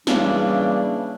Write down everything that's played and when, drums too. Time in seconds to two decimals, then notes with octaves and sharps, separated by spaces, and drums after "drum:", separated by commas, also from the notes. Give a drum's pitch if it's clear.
0.07 C#3 E3 G3 A#3 D4, drum: snare